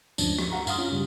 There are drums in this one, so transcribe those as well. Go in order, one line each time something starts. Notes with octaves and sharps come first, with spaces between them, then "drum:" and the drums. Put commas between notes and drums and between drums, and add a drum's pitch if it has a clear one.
D2 G2 F3 F#3 C#4 D4, drum: tambourine
F#4, drum: rim click
F5 F#5 A#5
G2 F5 C6 D#6 F6, drum: tambourine
C#4 F4
G2 C#3 G3 G4